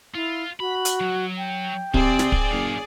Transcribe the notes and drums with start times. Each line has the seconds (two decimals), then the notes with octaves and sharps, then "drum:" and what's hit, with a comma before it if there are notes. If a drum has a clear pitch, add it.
0.15 E4 F4
0.60 F#4 B5
0.85 drum: hi-hat
1.00 F#3
1.38 G5
1.94 C3 C4 G#4 D5, drum: kick
2.19 drum: snare
2.32 drum: kick
2.52 F#1 D4 F5